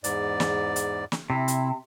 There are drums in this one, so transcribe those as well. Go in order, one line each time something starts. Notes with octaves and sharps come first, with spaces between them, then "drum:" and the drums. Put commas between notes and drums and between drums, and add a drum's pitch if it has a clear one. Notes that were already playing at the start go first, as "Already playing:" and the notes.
E2 G#2 D5, drum: hi-hat
drum: snare
drum: hi-hat
drum: snare
C3 E4
drum: hi-hat